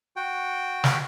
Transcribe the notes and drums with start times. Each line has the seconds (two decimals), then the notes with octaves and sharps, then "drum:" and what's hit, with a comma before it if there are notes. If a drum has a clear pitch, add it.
0.16 F#4 G5
0.84 drum: snare